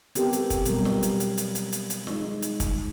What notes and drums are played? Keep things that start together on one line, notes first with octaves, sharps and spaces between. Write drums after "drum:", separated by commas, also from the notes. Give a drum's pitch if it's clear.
B3 C4 G4 A4 A#4, drum: hi-hat
drum: hi-hat
drum: kick, hi-hat
B2 F#3 G3 B3 A#4, drum: hi-hat
drum: snare
drum: hi-hat
drum: hi-hat
drum: hi-hat
drum: hi-hat
drum: hi-hat
drum: hi-hat
G#3 D#4, drum: snare
drum: hi-hat
drum: kick, hi-hat